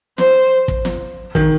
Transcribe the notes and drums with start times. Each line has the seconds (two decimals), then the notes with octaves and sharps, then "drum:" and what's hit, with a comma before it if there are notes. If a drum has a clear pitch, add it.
0.18 C5, drum: snare
0.68 drum: kick
0.85 drum: snare
1.35 D#3, drum: kick